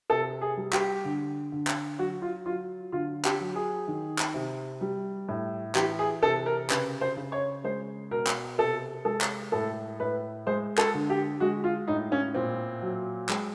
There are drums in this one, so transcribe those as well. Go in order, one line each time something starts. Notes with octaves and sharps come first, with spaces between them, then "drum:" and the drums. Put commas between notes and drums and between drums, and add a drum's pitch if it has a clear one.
C3 A4
G#4
G3
G4, drum: clap
D3
D3
drum: clap
F#3 F#4
F4
F#3 F4
D3 F4
G4, drum: clap
F#3
G#4
D#3
drum: clap
C3
G3
A2
E3 G4, drum: clap
G#4
C3 A4
A#4
C#3 B4, drum: clap
C5
C#3
C#5
G#3 C5
B2 A#4
drum: clap
C3 A4
G#3 A4
drum: clap
A2 A4
A2 B4
G#3 C5
A4, drum: clap
D3
G4
G#3 F#4
F4
A2 D#4
C#4
A#2 C4
F#3
G#3, drum: clap